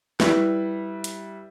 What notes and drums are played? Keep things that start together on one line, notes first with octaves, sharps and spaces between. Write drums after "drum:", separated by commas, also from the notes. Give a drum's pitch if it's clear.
G3 E4 B4, drum: snare
drum: hi-hat